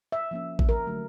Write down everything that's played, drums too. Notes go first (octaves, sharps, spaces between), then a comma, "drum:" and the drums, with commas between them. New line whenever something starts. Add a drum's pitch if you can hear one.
E5
F3 A#3 C#4
drum: kick A1
A#4
D3 F#3 A3